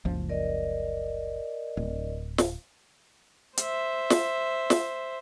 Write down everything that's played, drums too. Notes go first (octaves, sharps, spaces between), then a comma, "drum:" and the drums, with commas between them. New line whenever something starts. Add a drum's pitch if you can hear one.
F#1 C#2 F3
A#4 D5 D#5
D1
drum: snare
C5 E5, drum: hi-hat
drum: snare
drum: snare